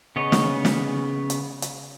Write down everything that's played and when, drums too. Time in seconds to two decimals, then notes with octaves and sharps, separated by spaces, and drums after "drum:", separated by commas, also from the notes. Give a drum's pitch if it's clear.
0.16 C#3 B3 C#5 D#5
0.32 drum: snare
0.65 drum: snare
1.30 drum: hi-hat
1.62 drum: hi-hat